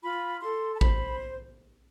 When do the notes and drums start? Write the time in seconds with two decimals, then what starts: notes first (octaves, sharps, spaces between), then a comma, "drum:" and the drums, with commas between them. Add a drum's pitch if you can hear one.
0.02 F4 B5
0.42 A4 C6
0.74 A5
0.81 C5 B5, drum: kick A1